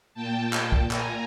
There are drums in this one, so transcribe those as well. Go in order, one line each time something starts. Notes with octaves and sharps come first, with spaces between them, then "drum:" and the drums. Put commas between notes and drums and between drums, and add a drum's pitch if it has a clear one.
A#2 G5 A5
drum: clap
drum: kick B1
G#5 A#5, drum: clap